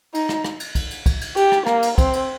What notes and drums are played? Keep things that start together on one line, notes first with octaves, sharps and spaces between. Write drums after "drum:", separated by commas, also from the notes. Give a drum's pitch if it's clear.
D#4, drum: cymbal
drum: rim click
drum: rim click
drum: cymbal
drum: kick, cymbal
drum: cymbal
drum: kick, cymbal
drum: cymbal
G4, drum: cymbal
drum: rim click
A#3, drum: rim click
drum: cymbal
C4, drum: kick, cymbal
drum: cymbal